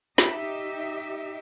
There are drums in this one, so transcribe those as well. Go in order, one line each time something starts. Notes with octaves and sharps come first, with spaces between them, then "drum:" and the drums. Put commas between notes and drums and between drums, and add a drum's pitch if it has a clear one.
D#4 G4 D#5 E5, drum: snare